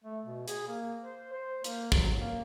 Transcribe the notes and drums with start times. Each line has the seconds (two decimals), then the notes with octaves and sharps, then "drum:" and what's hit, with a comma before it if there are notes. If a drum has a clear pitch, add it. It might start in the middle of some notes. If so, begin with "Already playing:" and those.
0.04 A3
0.25 B2
0.48 G#4, drum: hi-hat
0.68 A#3
1.02 C5
1.33 C5
1.64 A#3, drum: hi-hat
1.92 F#3, drum: kick
2.16 A#3